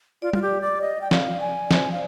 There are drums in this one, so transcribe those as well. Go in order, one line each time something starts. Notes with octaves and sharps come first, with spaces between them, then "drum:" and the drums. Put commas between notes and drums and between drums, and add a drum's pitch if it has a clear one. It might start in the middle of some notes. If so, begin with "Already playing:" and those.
F4 D5
F4, drum: tom G3
G4
D5
D#5
G5
F5, drum: snare
D5 G#5
C5, drum: snare
F5